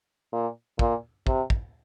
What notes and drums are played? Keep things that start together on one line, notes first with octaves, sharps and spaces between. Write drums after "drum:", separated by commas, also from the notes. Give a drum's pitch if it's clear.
A#2
A#2, drum: kick
C3, drum: kick
drum: kick